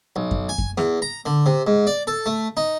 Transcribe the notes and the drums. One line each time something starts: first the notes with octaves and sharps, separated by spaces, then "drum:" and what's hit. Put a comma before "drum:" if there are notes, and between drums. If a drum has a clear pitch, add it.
B1
drum: kick F#2
G#5
drum: kick F#2
E2, drum: snare
A#5
D3
C3
G#2
D5
A4
A3
D#4